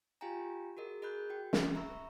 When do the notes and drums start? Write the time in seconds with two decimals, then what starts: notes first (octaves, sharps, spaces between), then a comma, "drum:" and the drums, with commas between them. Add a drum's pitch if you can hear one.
0.21 F4 G4 F5 G5 G#5 A#5
0.77 F#4 G#4 A#4 D#5
1.02 G#4 A#4 D#5 B5 F#6 G6
1.30 F#4 G5
1.53 drum: snare
1.75 E5 A#5 B5 C#6 E6